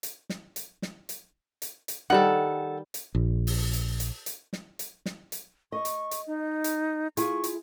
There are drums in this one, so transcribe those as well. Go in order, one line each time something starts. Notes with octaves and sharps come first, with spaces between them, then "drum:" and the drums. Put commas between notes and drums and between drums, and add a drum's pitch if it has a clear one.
drum: hi-hat
drum: snare
drum: hi-hat
drum: snare
drum: hi-hat
drum: hi-hat
drum: hi-hat
D#3 G3 A4 F#5
drum: hi-hat
A#1
drum: open hi-hat
drum: hi-hat
drum: hi-hat
drum: hi-hat
drum: snare
drum: hi-hat
drum: snare
drum: hi-hat
D#5 C#6
drum: hi-hat
drum: hi-hat
D#4
drum: hi-hat
E4 F4 G#4 C#6, drum: hi-hat
drum: hi-hat